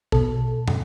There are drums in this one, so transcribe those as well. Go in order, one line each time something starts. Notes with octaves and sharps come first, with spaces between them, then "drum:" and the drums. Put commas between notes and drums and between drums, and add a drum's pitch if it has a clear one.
B2 A4, drum: kick A#1
drum: tom